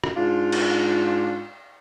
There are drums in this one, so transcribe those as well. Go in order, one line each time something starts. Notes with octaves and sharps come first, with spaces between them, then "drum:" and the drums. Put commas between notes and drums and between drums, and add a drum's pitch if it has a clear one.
drum: rim click
G#2 D4 F4
drum: cymbal